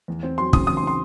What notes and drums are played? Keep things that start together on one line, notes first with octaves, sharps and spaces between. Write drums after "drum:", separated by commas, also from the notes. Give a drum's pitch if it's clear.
E2
C4
F#3 C6
C#3 D#6, drum: kick
E2 D#6
C6
C4
C6